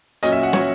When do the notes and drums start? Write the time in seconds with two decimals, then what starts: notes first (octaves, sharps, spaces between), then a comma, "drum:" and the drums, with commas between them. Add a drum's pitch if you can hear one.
0.23 A#2 F#3 C#4 D#5, drum: hi-hat
0.32 E5
0.43 F#5
0.53 A#2 F#3 C#4 C#5, drum: snare